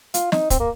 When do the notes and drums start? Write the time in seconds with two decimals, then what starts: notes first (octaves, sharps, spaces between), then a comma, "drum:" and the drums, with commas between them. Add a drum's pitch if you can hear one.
0.14 F4, drum: hi-hat
0.32 D#4, drum: snare
0.50 C4, drum: kick, hi-hat
0.60 A#3